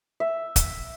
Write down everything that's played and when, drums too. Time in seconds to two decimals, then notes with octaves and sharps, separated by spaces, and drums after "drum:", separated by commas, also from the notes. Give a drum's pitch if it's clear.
0.20 E5
0.56 drum: kick, hi-hat